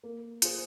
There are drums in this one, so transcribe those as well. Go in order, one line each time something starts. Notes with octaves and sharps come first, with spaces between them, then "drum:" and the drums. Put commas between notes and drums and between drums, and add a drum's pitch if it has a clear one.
A#3
F4 G#4 C5, drum: hi-hat